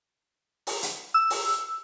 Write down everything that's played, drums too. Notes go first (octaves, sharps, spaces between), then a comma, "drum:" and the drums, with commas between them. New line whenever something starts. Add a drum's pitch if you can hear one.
drum: open hi-hat
drum: hi-hat
E6
drum: open hi-hat